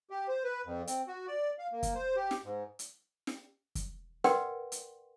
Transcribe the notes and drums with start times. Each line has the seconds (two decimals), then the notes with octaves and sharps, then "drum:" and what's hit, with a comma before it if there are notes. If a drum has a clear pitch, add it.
0.10 G4
0.28 C5
0.44 B4
0.66 F2
0.87 C4, drum: hi-hat
1.07 F#4
1.27 D5
1.59 F5
1.72 A#3
1.83 drum: kick, hi-hat
1.95 C5
2.16 G4
2.31 drum: snare
2.44 G#2
2.79 drum: hi-hat
3.27 drum: snare
3.75 drum: kick, hi-hat
4.24 A#4 B4 D5 F#5 G5 C6, drum: snare
4.72 drum: hi-hat